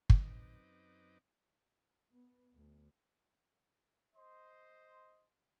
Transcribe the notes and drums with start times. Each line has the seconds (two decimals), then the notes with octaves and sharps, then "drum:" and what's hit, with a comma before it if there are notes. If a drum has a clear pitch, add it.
0.10 F#2 C4 D#4 B4 D#5 D6, drum: kick
2.12 B3
2.55 D2
4.16 C5 D#5 C6